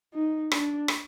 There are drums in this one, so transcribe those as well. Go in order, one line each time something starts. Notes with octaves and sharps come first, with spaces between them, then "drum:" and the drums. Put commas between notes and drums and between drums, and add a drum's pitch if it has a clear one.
D#4
D4, drum: rim click
drum: rim click